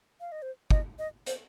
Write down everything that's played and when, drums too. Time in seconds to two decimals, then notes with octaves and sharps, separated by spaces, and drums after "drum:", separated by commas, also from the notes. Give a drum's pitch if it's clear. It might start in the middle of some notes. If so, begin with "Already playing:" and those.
0.20 F5
0.32 D#5
0.42 C5
0.71 D#5, drum: kick
0.99 D#5
1.27 C5, drum: hi-hat